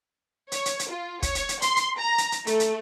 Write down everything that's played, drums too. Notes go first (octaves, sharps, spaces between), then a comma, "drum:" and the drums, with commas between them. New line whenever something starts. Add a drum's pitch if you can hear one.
C#5, drum: hi-hat
drum: hi-hat
drum: hi-hat
F4
C#5, drum: kick, hi-hat
drum: hi-hat
drum: hi-hat
C6, drum: hi-hat
drum: hi-hat
A#5
drum: hi-hat
drum: hi-hat
A3, drum: hi-hat
drum: hi-hat